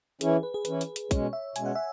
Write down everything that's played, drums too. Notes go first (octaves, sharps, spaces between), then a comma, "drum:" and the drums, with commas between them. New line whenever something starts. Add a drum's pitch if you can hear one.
E3 C#4 E4 G#4, drum: hi-hat
B4
G#4
E3 C#4 E4 B4, drum: hi-hat
drum: hi-hat
drum: hi-hat
B2 G#3 C#4 C#5, drum: kick, hi-hat
E5
B2 G#3 C#4 G#5, drum: hi-hat
F#5
E5